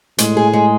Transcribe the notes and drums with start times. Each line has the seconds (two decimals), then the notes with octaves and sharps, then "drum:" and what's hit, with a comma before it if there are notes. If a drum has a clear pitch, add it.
0.18 A2 G#3, drum: hi-hat
0.37 G#4
0.53 G#3